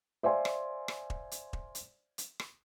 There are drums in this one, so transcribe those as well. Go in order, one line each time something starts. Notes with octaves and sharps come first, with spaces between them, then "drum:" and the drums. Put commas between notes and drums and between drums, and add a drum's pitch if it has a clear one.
C5 D5 E5 F5 G#5 C6
drum: rim click
drum: rim click
drum: kick E1
drum: hi-hat
drum: kick E1
drum: hi-hat
drum: hi-hat
drum: rim click